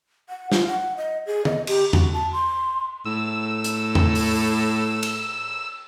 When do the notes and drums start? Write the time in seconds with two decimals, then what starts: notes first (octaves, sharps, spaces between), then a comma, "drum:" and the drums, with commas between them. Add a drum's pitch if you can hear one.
0.29 F#5
0.52 F4, drum: snare
0.67 F#5
0.97 D#5
1.27 G#4
1.45 D#5, drum: tom D3
1.67 G4, drum: cymbal
1.93 F#4, drum: tom E2
2.13 A5
2.33 C6
3.05 A2 E6
3.64 drum: hi-hat
3.95 drum: tom E2
4.15 drum: open hi-hat
5.03 drum: cymbal